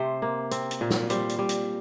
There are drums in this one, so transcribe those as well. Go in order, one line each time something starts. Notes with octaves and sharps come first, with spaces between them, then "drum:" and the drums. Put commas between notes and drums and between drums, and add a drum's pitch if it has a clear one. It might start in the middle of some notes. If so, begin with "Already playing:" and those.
Already playing: C3 A3 C5
A#3
C4, drum: hi-hat
drum: hi-hat
A#2
drum: snare
G3 C5, drum: hi-hat
drum: hi-hat
G3
drum: hi-hat